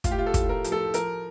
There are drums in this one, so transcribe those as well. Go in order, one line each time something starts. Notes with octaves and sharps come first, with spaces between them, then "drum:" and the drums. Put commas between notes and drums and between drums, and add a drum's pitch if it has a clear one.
A2 F4, drum: kick, hi-hat
G4
F4
A4
A2, drum: kick, hi-hat
A#4
F3, drum: hi-hat
A4
F3 A#4, drum: hi-hat